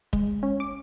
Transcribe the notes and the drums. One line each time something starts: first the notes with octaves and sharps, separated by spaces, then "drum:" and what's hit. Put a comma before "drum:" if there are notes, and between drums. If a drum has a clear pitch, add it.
G#3, drum: kick
C#4
D6